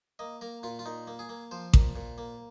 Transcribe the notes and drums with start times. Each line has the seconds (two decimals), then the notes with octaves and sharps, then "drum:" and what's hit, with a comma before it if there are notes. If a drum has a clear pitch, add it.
0.19 A#3 D#5
0.41 A#3 A#4
0.63 A#2 F4
0.79 F4
0.86 A#2 D#4
1.07 A#3
1.19 G#4
1.29 A#3
1.51 F3 C5
1.73 A#2, drum: kick A1
1.96 A#2
2.18 A#3